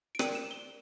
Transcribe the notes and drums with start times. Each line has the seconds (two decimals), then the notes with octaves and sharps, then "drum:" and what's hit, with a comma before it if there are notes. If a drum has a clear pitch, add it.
0.15 D7
0.19 A#4 D5 G5 D#7, drum: rim click
0.35 E7
0.51 G7